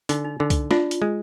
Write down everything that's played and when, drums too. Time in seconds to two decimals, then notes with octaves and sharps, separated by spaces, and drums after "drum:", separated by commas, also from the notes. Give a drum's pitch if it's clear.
0.09 D3 D#4, drum: hi-hat
0.25 D#4
0.40 D3 D#4
0.50 drum: kick C2, hi-hat
0.71 D4 F4, drum: snare
0.91 drum: hi-hat
1.02 G#3